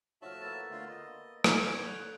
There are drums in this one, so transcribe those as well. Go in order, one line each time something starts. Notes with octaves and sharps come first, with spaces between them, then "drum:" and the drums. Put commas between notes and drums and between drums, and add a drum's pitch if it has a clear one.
A2 F3 F#4 C#5 E5 A5 C#6 F6
A#3 B3 E6 A6
D3 A3 F4
D#5
drum: rim click
D3 A4 C#5 G6
F#6 F7 F#7